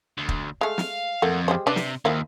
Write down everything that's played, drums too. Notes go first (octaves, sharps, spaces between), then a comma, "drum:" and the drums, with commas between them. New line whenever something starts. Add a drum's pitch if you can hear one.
D2
drum: kick
G#3 A3 F5
drum: snare
F2 A3 A#3 F#5
G3 G#3 C5
C3 D4 B4 D5
drum: snare
D#2 D#3 F3 E4